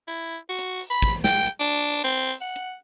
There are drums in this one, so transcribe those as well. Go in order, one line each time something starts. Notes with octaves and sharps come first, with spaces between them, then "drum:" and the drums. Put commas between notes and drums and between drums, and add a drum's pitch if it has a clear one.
E4
F#4
drum: hi-hat
drum: open hi-hat
B5
drum: kick, hi-hat
G5, drum: snare
drum: hi-hat
D4
drum: open hi-hat
C4
F#5
drum: hi-hat